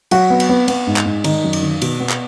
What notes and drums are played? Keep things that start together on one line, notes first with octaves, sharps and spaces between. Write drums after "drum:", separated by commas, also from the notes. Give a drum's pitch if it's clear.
F#3 F#4, drum: cymbal
B3
drum: cymbal
B3
B3, drum: cymbal
G#2
drum: clap
G#2
D#3 D#4, drum: cymbal
F#2
drum: cymbal
D#3
B2, drum: cymbal
B3
drum: clap